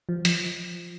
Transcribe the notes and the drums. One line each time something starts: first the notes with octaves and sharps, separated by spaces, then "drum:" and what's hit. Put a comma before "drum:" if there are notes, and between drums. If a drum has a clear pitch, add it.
F3
F3, drum: hi-hat